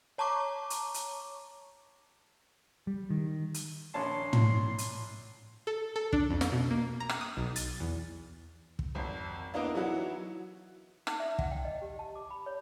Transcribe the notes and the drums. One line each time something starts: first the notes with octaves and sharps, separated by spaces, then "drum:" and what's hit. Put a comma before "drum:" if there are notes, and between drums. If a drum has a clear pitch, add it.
C#5 A5 A#5 C#6 D6
drum: hi-hat
drum: hi-hat
G3
D#3
drum: hi-hat
A#1 C#4 A5 C6
drum: tom
drum: hi-hat
A4
A4
D4, drum: kick
F2
drum: snare
B2
A#3
A#5
drum: rim click
D#6
B1
A6, drum: hi-hat
E2
drum: kick
G#1 F2
A#3 B3 D4 E4 A#4 D#5
E3 F#3 D#4 E4 F#4
D#4, drum: rim click
E5
F#5, drum: kick
G5
D#5
G4
A5
D6
B5
C#5